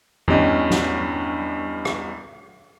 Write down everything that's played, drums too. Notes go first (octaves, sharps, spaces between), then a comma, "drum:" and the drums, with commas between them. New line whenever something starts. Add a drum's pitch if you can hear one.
E2 G2 C#4 G4 D#5, drum: tom G2
drum: snare
drum: rim click